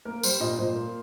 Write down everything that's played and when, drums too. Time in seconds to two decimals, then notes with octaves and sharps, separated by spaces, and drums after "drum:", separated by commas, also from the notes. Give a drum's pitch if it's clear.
0.05 A#3 A#4
0.23 G3 C5, drum: tambourine
0.40 A#2 D#5
0.59 A#2 C5
0.75 A#3